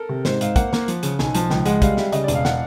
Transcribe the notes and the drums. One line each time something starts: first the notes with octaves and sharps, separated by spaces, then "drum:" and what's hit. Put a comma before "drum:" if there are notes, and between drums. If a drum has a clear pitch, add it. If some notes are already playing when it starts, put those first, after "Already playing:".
Already playing: A4 A#4
C3
G#2 C5, drum: snare
G#2 F5, drum: hi-hat
A#3 F#5, drum: kick, hi-hat
A#3, drum: snare
F3, drum: hi-hat
C#3, drum: hi-hat
B1 G#5, drum: snare
F3 A5, drum: hi-hat
C#2 G5, drum: snare
G#3 F#5, drum: hi-hat
G3 F5, drum: kick, hi-hat
G3 E5, drum: snare
C#3 D#5, drum: hi-hat
D5
E1, drum: hi-hat
F5
F#5, drum: snare